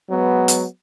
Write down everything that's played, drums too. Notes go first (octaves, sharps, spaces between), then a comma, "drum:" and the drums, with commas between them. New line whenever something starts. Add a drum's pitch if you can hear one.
F#3 G#3 B3
drum: hi-hat